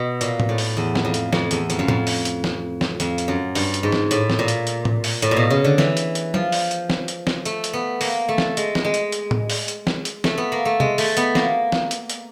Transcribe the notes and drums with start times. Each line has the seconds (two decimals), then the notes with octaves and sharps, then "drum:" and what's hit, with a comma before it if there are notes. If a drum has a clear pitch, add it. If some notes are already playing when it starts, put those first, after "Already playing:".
Already playing: B2
0.21 A#2, drum: hi-hat
0.40 drum: tom A2
0.49 A2
0.58 drum: open hi-hat
0.77 E2
0.95 drum: snare
1.05 F2
1.14 drum: hi-hat
1.33 F2, drum: snare
1.51 E2, drum: hi-hat
1.70 F2, drum: hi-hat
1.79 F#2
1.88 F2, drum: tom A2
2.07 drum: open hi-hat
2.25 drum: hi-hat
2.44 drum: snare
2.81 drum: snare
3.00 F2, drum: hi-hat
3.18 drum: hi-hat
3.28 F#2
3.55 G2, drum: open hi-hat
3.74 drum: hi-hat
3.83 G#2
3.92 drum: snare
4.11 A2, drum: hi-hat
4.30 drum: snare
4.39 A#2
4.48 drum: hi-hat
4.67 drum: hi-hat
4.85 drum: tom A2
5.04 drum: open hi-hat
5.22 A2, drum: hi-hat
5.31 A#2
5.37 B2
5.50 C#3
5.64 D3
5.78 E3, drum: snare
5.97 drum: hi-hat
6.15 drum: hi-hat
6.34 F3, drum: tom F#3
6.52 drum: open hi-hat
6.71 drum: hi-hat
6.90 drum: snare
7.08 drum: hi-hat
7.27 drum: snare
7.45 A3, drum: hi-hat
7.64 drum: hi-hat
7.73 B3
8.01 A#3, drum: open hi-hat
8.28 A3
8.38 drum: snare
8.57 G#3, drum: hi-hat
8.75 drum: snare
8.85 G#3
8.94 drum: hi-hat
9.12 drum: hi-hat
9.31 drum: tom A2
9.50 drum: open hi-hat
9.68 drum: hi-hat
9.87 drum: snare
10.05 drum: hi-hat
10.24 A3, drum: snare
10.38 B3
10.52 A#3
10.65 A3
10.80 G#3, drum: tom C3
10.98 A3, drum: open hi-hat
11.17 B3, drum: hi-hat
11.35 A#3, drum: snare
11.72 drum: snare
11.91 drum: hi-hat
12.10 drum: hi-hat